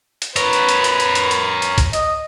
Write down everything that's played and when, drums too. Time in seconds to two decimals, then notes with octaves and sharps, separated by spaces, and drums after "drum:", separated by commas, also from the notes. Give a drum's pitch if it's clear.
0.22 drum: hi-hat
0.36 A#4 B4 C#5, drum: hi-hat
0.53 drum: hi-hat
0.69 drum: hi-hat
0.84 drum: hi-hat
1.00 drum: hi-hat
1.15 drum: hi-hat
1.31 drum: hi-hat
1.62 drum: hi-hat
1.78 drum: kick, hi-hat
1.93 D#5, drum: hi-hat